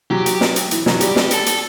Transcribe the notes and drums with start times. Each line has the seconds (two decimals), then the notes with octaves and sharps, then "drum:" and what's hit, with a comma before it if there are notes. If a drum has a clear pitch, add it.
0.11 F#3 G4
0.26 G4, drum: hi-hat
0.41 drum: snare
0.56 drum: hi-hat
0.71 E3, drum: hi-hat
0.86 F#3, drum: snare
1.01 G3 G4, drum: hi-hat
1.16 G4, drum: snare
1.31 A4, drum: hi-hat
1.46 drum: hi-hat